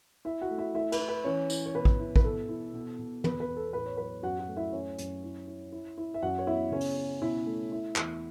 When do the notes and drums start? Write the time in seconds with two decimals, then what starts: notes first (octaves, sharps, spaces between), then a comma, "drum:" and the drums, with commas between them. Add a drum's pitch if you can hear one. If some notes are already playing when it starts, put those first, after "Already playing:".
0.25 E4 E5
0.41 F#4 F#5
0.51 A3
0.58 E4 E5
0.75 A3 E4 E5
0.92 B4, drum: cymbal
1.00 E4
1.09 B4
1.24 E3 C#4 C#5
1.50 E4, drum: tambourine
1.66 C#5
1.74 B2 B4
1.85 drum: kick A1
1.99 E4
2.16 B4, drum: kick A1
2.24 B2 A4
2.48 E4
2.73 B2
2.99 B2
3.24 E2 B4, drum: tom
3.40 B4
3.49 E2
3.57 A4
3.73 A2 B4
3.86 C#5
3.97 F#3 B4
4.23 F#2 F#4 F#5
4.40 F#4 F#5
4.48 A3
4.56 E4 E5
4.73 F#2 C#4 C#5
4.98 F#2, drum: hi-hat
5.23 E4
5.48 E4
5.72 E4
5.98 E4
6.14 E5
6.22 F#2 F#4 F#5
6.39 C#5
6.47 B3 E4 E5
6.71 C#3 C#4 C#5
6.81 drum: open hi-hat
6.97 C#4
7.21 B2 E4 E5
7.46 A3
7.72 E4
7.96 E2, drum: clap